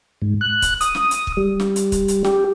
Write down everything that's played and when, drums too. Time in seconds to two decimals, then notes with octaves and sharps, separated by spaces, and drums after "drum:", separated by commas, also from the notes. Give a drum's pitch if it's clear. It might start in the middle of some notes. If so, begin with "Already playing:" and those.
0.22 G#2
0.41 F#6
0.62 drum: kick, hi-hat
0.81 D#6, drum: hi-hat
0.95 drum: snare
1.11 drum: hi-hat
1.27 drum: kick
1.37 G3
1.60 drum: snare
1.76 drum: hi-hat
1.92 drum: kick, hi-hat
2.08 drum: hi-hat
2.24 G4, drum: snare